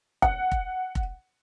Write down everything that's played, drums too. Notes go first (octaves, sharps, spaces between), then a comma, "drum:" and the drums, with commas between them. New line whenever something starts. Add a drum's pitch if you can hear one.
F#5, drum: kick F1
drum: kick F1
drum: kick F1